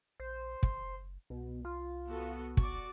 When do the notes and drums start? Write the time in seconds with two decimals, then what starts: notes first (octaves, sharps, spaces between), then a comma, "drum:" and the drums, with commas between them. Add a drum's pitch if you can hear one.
0.20 A#1 C5
0.63 F#1, drum: kick
1.30 C2 B2
1.65 F4
2.09 B3 F#4 A4
2.57 F#4 D5 C#6, drum: kick